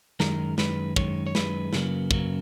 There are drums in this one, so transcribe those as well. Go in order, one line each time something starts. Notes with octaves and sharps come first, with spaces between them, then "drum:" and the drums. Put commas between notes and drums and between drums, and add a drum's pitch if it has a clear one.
F#2 D#3 G#3 A#4, drum: snare
F#2 D#3 G#3 B4, drum: snare
F#2 D#3 G#3 C#5, drum: kick
C#5
F#2 D#3 G#3 B4, drum: snare
F#2 C#3 F#3 A#3, drum: snare
F#2 C#3 F#3 A#3, drum: kick